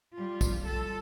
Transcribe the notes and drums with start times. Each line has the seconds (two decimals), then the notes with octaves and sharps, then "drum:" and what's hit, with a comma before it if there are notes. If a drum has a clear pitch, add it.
0.14 G3 F4
0.41 drum: kick, tambourine
0.67 A4